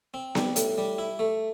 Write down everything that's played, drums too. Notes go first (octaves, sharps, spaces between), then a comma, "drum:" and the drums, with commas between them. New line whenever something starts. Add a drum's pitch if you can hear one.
C4
G3, drum: snare B3
A2, drum: hi-hat
G3
E4
A3